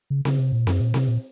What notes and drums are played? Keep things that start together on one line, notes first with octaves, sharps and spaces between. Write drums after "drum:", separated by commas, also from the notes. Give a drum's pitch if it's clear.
C#3
C#3, drum: snare C4
C3
A#2
F#2, drum: snare C4
A#2
C3, drum: snare C4
A#2